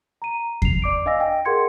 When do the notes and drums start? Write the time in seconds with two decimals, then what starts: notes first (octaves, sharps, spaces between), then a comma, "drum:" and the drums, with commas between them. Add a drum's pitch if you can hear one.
0.22 A#5 D#7
0.62 C7 F7, drum: kick E2
0.82 D5 D6 D7
1.06 D4 D#5 F5 G#5 E6 A#6
1.20 D#5 G5
1.45 G#4 A#4 F#5 C6 G#6 C#7